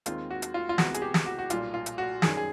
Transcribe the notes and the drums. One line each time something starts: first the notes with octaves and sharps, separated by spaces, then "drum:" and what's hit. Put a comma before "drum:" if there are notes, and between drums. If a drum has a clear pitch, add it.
D#2 D#3 G#3 C4 F4, drum: hi-hat
F#4
drum: hi-hat
F4
F4
C2 C3 E3 G#3 B3 F#4, drum: snare
G#4, drum: hi-hat
G4
drum: snare
F#4
F#4
B1 A#2 G3 F4, drum: hi-hat
F4
drum: hi-hat
F#4
F#2 D#3 G3 G#4, drum: snare
G#4